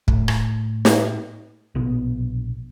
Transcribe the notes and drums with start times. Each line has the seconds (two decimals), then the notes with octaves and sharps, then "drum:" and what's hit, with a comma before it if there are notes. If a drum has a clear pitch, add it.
0.08 A2, drum: kick
0.28 drum: rim click
0.85 drum: snare
1.75 A#1 B2 B3